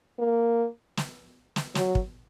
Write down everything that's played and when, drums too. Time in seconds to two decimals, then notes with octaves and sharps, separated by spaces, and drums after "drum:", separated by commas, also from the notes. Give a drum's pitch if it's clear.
0.19 A#3
0.97 drum: snare
1.56 drum: snare
1.75 F#3, drum: snare
1.95 drum: kick